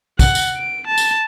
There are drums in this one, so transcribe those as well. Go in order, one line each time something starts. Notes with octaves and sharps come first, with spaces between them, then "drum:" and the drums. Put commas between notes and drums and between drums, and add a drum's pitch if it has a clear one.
F#5, drum: kick, tambourine
drum: tambourine
D7
A5
drum: tambourine